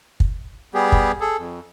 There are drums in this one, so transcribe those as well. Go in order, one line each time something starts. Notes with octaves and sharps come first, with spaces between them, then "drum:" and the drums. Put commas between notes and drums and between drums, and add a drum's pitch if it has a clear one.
drum: kick
G3 B3 G4 G#4
drum: kick
G#4 A4
F2